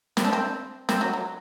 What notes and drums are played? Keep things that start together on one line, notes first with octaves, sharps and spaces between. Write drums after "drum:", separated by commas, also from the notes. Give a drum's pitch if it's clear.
C4, drum: snare
D4
C4
C4, drum: snare
F#3
F#3